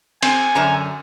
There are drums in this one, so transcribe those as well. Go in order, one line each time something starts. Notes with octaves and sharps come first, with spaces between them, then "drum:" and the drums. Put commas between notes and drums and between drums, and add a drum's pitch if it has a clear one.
C4 G#5, drum: cymbal
F#2 D3 A#5